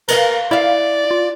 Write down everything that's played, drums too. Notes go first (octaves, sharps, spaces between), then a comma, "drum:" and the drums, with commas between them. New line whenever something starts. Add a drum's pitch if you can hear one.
A#4 B4 D#5 F5, drum: cymbal
E4 D5 E5 F5
F4